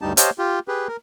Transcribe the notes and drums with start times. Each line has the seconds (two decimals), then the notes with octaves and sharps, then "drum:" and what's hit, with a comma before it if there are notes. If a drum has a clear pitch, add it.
0.02 D2 G2 G3 D#4 G4 A5
0.17 G4 C5 C#5 D#5 F5 A5, drum: hi-hat
0.39 F4 G4
0.68 G4 G#4 B4
0.88 A#4